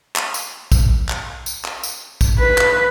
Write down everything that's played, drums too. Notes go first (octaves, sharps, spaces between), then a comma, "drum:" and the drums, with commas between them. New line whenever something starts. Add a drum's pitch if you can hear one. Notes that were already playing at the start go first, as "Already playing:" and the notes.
drum: clap
drum: tambourine
drum: kick, tambourine
drum: clap
drum: tambourine
drum: clap
drum: tambourine
drum: kick, tambourine
B4
drum: clap